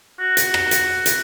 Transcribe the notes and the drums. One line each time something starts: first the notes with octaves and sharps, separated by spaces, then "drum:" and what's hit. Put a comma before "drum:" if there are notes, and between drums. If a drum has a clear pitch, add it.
F#4
drum: hi-hat
drum: rim click
drum: hi-hat
drum: hi-hat